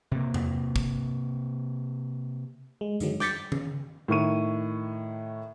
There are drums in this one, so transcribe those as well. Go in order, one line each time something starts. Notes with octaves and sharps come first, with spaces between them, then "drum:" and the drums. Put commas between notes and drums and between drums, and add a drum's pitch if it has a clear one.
C3 A#3
drum: tom E2
drum: kick
G#3
F#2 D3 D#3 F#3 G#3, drum: hi-hat
D6 G6 A6 B6 C#7, drum: snare
C#3, drum: tom D#3
A2 D#3 C#6 D#7